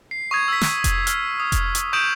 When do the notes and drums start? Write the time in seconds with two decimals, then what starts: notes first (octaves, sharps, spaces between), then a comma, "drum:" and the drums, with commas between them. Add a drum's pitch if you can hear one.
0.11 C7
0.31 C#6 D#6 G#6
0.48 E6 B6
0.61 drum: snare
0.84 drum: kick F1, hi-hat
1.07 F6, drum: hi-hat
1.40 D#6
1.52 drum: kick F1, hi-hat
1.75 drum: hi-hat
1.93 C#6 D#6 G6 D7 E7 F#7